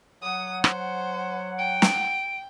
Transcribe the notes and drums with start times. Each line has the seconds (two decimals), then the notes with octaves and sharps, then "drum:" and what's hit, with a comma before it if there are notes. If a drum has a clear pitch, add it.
0.22 F#3 C#5 F#5 D#6
0.64 C5, drum: rim click
1.59 G5 D7
1.82 drum: snare